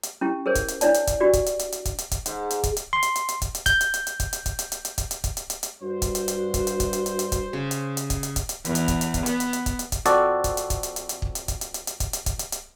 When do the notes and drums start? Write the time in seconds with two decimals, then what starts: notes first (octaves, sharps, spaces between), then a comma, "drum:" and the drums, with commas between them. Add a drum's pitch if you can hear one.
0.03 drum: hi-hat
0.21 C#4 E4 G4
0.46 G#4 A#4 C5 C#5
0.55 drum: kick, hi-hat
0.68 drum: hi-hat
0.81 D4 E4 C#5 D5 A5, drum: hi-hat
0.94 drum: hi-hat
1.07 drum: kick, hi-hat
1.20 D4 F#4 G4 D5
1.33 drum: kick, hi-hat
1.46 drum: hi-hat
1.59 drum: hi-hat
1.72 drum: hi-hat
1.85 drum: kick, hi-hat
1.98 drum: hi-hat
2.11 drum: kick, hi-hat
2.26 G#2, drum: hi-hat
2.50 drum: hi-hat
2.63 drum: kick, hi-hat
2.77 drum: hi-hat
2.93 C6
3.03 drum: hi-hat
3.16 drum: hi-hat
3.29 drum: hi-hat
3.42 drum: kick, hi-hat
3.55 drum: hi-hat
3.66 G6, drum: kick, hi-hat
3.81 drum: hi-hat
3.94 drum: hi-hat
4.07 drum: hi-hat
4.20 drum: kick, hi-hat
4.33 drum: hi-hat
4.46 drum: kick, hi-hat
4.59 drum: hi-hat
4.72 drum: hi-hat
4.85 drum: hi-hat
4.98 drum: kick, hi-hat
5.11 drum: hi-hat
5.24 drum: kick, hi-hat
5.37 drum: hi-hat
5.50 drum: hi-hat
5.63 drum: hi-hat
5.82 G2 F#4 C5
6.02 drum: kick, hi-hat
6.15 drum: hi-hat
6.28 drum: hi-hat
6.54 drum: kick, hi-hat
6.67 drum: hi-hat
6.80 drum: kick, hi-hat
6.93 drum: hi-hat
7.06 drum: hi-hat
7.19 drum: hi-hat
7.32 drum: kick, hi-hat
7.53 C#3
7.71 drum: hi-hat
7.97 drum: hi-hat
8.10 drum: kick, hi-hat
8.23 drum: hi-hat
8.36 drum: kick, hi-hat
8.49 drum: hi-hat
8.65 E2, drum: hi-hat
8.75 drum: hi-hat
8.88 drum: kick, hi-hat
9.01 drum: hi-hat
9.14 drum: kick, hi-hat
9.26 B3, drum: hi-hat
9.40 drum: hi-hat
9.53 drum: hi-hat
9.66 drum: kick, hi-hat
9.79 drum: hi-hat
9.92 drum: kick, hi-hat
10.06 F2 C4 F#4 A4 D5, drum: hi-hat
10.44 drum: kick, hi-hat
10.57 drum: hi-hat
10.70 drum: kick, hi-hat
10.83 drum: hi-hat
10.96 drum: hi-hat
11.09 drum: hi-hat
11.22 drum: kick
11.35 drum: hi-hat
11.48 drum: kick, hi-hat
11.61 drum: hi-hat
11.74 drum: hi-hat
11.87 drum: hi-hat
12.00 drum: kick, hi-hat
12.13 drum: hi-hat
12.26 drum: kick, hi-hat
12.39 drum: hi-hat
12.52 drum: hi-hat